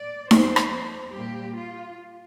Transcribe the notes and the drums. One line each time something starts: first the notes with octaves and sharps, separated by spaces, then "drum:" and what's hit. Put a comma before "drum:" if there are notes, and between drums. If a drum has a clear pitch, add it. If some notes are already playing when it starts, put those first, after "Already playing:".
Already playing: D5
F2 F3 A#3 C5, drum: snare D#4
drum: rim click
A#2 G3 A#3 G4
F4